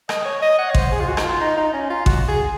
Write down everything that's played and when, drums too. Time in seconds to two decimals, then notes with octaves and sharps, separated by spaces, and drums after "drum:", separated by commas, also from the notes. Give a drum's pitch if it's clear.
0.09 D#5, drum: rim click
0.25 C#5
0.42 D#5
0.59 F#5
0.70 C#5
0.75 C5, drum: kick A1
0.92 G#4
1.00 F4
1.08 F#4
1.17 D#4, drum: rim click
1.24 F4
1.41 D#4
1.57 D#4
1.73 C#4
1.90 F4
2.06 F#4, drum: kick A1
2.28 G#4